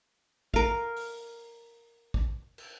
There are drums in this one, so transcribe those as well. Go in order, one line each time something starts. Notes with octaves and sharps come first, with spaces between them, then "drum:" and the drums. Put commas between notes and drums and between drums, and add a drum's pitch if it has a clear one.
A#4 F5, drum: kick
drum: open hi-hat
drum: kick
drum: cymbal